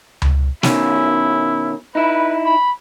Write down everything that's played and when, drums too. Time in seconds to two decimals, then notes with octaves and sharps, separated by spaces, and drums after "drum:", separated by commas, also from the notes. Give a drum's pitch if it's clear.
0.22 drum: tom C#2
0.63 B2 D#3 C#4 E4, drum: snare
1.95 D#4 E4 B4
2.46 B5